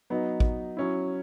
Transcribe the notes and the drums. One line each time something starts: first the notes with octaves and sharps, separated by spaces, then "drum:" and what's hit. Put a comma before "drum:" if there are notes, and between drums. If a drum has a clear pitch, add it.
F#3 B3 D#4
drum: kick A1
F#3 C#4 E4